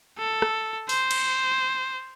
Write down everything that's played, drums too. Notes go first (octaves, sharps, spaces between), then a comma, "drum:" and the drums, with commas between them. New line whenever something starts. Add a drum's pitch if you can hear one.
A4
drum: rim click
C5, drum: open hi-hat
drum: cymbal